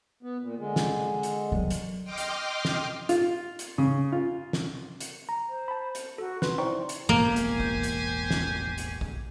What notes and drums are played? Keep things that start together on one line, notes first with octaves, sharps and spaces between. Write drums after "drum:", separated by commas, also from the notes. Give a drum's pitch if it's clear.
B3
A#2
D3 G#3
drum: snare
drum: hi-hat
D#3 F#3
drum: hi-hat
D#5 G5 C6 D6 F6
drum: hi-hat
drum: snare
F4, drum: hi-hat
drum: hi-hat
C#3
F4
drum: snare
drum: hi-hat
A#5
C5
A5 B5
drum: hi-hat
F#4 A4
B4 C6, drum: snare
D#4 E4 C5 D5 G5 C#6
drum: hi-hat
E1 A1 E2 A#3 G4 C5 G#5
drum: hi-hat
drum: kick A#1
drum: hi-hat
drum: snare
drum: hi-hat
drum: kick A#1